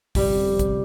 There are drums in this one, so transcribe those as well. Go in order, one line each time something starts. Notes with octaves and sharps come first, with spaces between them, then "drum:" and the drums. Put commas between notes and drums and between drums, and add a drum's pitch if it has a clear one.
G1 F2 C3 G3, drum: kick, open hi-hat
drum: kick, hi-hat